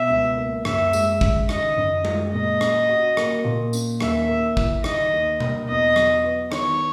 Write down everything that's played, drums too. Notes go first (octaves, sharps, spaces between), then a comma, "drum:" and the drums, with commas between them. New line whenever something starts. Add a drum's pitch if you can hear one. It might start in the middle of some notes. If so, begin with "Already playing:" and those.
Already playing: B2 E5
C#2
A#3
F#2 E5, drum: rim click
G#3, drum: tambourine
C#4, drum: kick G#1
D#3 D#5, drum: rim click
F#2
G#3, drum: tom G#3
A#2 D#5
C#4, drum: rim click
F#4
A#3, drum: rim click
A#2
C#4, drum: tambourine
D#2 E5, drum: rim click
A#3
E4, drum: kick G#1
D#3 D#5, drum: rim click
D#2
A#3, drum: tom B2
E2 D#5
F#3, drum: rim click
B3
D#3 C#5, drum: rim click